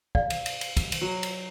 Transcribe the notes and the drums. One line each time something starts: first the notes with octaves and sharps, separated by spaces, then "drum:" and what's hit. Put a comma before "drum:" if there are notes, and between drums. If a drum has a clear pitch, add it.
D5 F5, drum: kick
drum: cymbal
drum: cymbal
drum: cymbal
drum: kick, cymbal
drum: cymbal
F#3
drum: cymbal